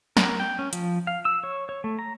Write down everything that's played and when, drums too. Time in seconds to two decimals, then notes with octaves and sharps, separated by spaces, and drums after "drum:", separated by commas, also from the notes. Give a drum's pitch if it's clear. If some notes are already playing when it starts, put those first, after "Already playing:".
0.17 A#4, drum: snare
0.40 G5
0.59 C#4
0.73 F3, drum: hi-hat
1.07 F5
1.25 E6
1.44 C#5
1.69 C#5
1.84 A3
1.99 A#5